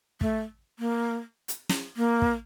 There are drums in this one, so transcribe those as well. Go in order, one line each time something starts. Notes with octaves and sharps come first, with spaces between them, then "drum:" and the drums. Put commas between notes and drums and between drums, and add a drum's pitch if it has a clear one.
A3, drum: kick
A#3
drum: hi-hat
drum: snare
A#3
drum: kick